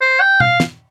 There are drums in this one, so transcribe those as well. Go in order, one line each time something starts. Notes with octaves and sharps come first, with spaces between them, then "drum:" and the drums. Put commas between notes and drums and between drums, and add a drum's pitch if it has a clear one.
C5
G5
F5, drum: tom B2
drum: snare